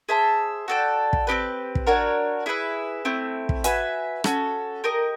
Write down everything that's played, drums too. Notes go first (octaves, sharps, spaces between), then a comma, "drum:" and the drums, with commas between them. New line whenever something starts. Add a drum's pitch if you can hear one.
G#4 C5 E5 A5
F#4 A4 D5 G5
drum: kick
C4 D#4 G4 B4
drum: kick
D4 F#4 A#4 C#5
E4 G#4 B4 E5
A3 C4 E4
drum: kick
F#4 B4 E5 G#5, drum: hi-hat
C#4 F#4 A4, drum: rim click
G4 A#4 D#5